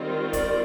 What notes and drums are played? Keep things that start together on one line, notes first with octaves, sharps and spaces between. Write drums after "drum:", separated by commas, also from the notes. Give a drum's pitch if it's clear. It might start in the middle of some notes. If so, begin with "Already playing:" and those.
Already playing: D#3 G3 C4 F4
D5, drum: kick, hi-hat